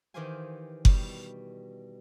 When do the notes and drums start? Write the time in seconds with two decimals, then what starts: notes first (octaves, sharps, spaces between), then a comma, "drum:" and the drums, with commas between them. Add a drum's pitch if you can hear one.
0.14 D#3 E3 G4 C5 F5 G#5
0.85 B2 G3, drum: kick F#1